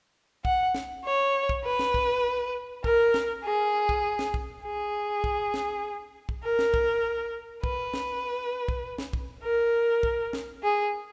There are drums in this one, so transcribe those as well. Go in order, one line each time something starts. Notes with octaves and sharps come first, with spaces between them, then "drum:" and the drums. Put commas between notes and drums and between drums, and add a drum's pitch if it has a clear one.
F#5, drum: kick
drum: snare
C#5
drum: kick
B4
drum: snare
drum: kick
A#4, drum: kick
drum: snare
G#4
drum: kick
drum: snare
drum: kick
G#4
drum: kick
drum: snare
drum: kick
A#4
drum: snare
drum: kick
B4, drum: kick
drum: snare
drum: kick
drum: snare
drum: kick
A#4
drum: kick
drum: snare
G#4